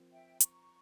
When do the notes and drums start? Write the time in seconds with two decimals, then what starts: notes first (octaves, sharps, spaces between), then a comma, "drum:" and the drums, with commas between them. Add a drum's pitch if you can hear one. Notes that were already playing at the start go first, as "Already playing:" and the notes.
Already playing: F3 C4 F4 A#4
0.10 E5 G5
0.40 A#5 C#6, drum: hi-hat